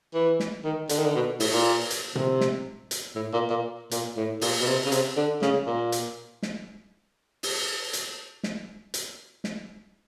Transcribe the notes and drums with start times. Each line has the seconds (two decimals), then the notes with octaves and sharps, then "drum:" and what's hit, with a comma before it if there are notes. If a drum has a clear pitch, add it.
0.14 E3
0.40 drum: snare
0.64 D#3
0.89 D3, drum: hi-hat
0.99 D#3
1.06 D3
1.15 B2
1.40 A2, drum: open hi-hat
1.52 A#2
1.90 drum: hi-hat
2.15 C3, drum: tom A#2
2.41 drum: snare
2.91 drum: hi-hat
3.16 A2
3.33 A#2
3.50 A#2
3.91 A#2, drum: hi-hat
4.17 A2
4.41 A#2, drum: open hi-hat
4.61 B2
4.67 C3
4.86 C#3
4.92 C3, drum: hi-hat
5.17 D3
5.42 C#3, drum: snare
5.67 A#2
5.92 drum: hi-hat
6.43 drum: snare
7.43 drum: open hi-hat
7.93 drum: hi-hat
8.43 drum: snare
8.94 drum: hi-hat
9.44 drum: snare